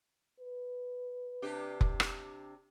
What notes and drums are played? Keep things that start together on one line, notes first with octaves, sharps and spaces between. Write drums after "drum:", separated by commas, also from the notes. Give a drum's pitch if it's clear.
B4
C3 D4 G4
drum: kick F1
drum: rim click